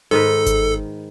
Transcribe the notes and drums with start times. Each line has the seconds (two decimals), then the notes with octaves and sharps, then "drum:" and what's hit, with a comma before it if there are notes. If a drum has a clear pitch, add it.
0.11 G#2 D#3 A4 B4
0.46 drum: kick G1, hi-hat